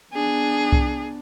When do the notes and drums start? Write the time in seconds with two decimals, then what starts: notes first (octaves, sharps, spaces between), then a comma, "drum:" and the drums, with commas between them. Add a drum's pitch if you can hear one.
0.14 B3 D4 G#4
0.72 drum: kick C2